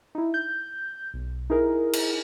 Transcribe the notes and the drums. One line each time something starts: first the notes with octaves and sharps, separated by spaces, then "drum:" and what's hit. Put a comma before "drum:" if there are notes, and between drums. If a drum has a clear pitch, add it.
D#4 E4
G6
B1
D#4 E4 G#4 A#4
drum: cymbal